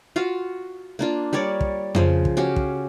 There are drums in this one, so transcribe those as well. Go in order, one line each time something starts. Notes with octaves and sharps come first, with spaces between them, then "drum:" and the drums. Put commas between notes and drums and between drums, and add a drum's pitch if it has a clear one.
F4 F#4 F5
A#3 D4 F4
G3 A#4 C#5 D5
drum: kick
C#3 F3 C5, drum: tom F2
drum: kick
C#4 F#4 G4 F5
drum: kick